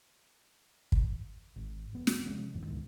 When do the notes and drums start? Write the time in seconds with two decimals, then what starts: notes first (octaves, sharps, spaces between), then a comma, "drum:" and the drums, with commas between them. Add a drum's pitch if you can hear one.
0.92 drum: kick
1.56 G#1
1.93 F1 B3
2.07 drum: snare
2.26 C3 F3 G#3 C#4
2.54 F#1 E2 G#2 E3
2.65 C#2 B2 D#3 G#3